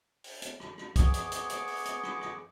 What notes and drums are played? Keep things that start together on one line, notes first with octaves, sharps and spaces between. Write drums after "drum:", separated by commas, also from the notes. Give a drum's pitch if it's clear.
drum: open hi-hat
drum: hi-hat
drum: rim click
drum: rim click
B3 G#4 C#6 D6, drum: kick, hi-hat
drum: hi-hat
drum: hi-hat
drum: hi-hat
drum: open hi-hat
drum: hi-hat
drum: rim click
drum: rim click